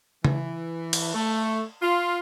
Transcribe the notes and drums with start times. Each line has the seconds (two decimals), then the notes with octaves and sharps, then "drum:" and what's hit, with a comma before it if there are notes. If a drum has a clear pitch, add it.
0.25 E3, drum: tom C#3
0.93 drum: cymbal
1.14 A3
1.82 F4